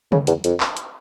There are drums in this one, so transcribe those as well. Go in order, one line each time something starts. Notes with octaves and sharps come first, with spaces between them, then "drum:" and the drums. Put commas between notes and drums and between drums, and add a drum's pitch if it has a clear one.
C#3, drum: tom C#3
E2, drum: hi-hat
F2, drum: hi-hat
drum: clap
drum: hi-hat